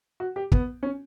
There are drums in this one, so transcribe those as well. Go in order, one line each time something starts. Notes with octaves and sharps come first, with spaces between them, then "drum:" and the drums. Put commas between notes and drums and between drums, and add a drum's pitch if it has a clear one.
F#4
G4
B3, drum: kick
C#4